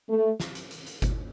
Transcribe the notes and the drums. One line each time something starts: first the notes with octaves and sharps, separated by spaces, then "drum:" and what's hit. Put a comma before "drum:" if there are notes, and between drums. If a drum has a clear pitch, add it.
A3
drum: snare
drum: hi-hat
drum: hi-hat
drum: hi-hat
drum: kick G1, hi-hat